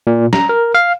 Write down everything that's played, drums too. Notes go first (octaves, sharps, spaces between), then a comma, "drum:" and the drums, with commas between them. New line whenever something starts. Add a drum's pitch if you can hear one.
A#2
A#5, drum: snare
A#4
F5